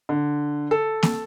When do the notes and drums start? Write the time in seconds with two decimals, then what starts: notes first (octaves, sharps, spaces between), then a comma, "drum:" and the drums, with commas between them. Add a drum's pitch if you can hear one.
0.09 D3
0.71 A4
1.03 drum: snare A#3